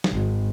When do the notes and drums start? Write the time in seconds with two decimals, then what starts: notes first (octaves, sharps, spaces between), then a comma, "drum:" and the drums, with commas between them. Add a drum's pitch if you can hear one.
0.04 drum: snare
0.14 G#1